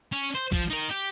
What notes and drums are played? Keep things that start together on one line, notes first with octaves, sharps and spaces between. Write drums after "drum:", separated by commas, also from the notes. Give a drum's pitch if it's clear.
C#4
C5
F3, drum: kick, cymbal
D#4 A#4
G4, drum: cymbal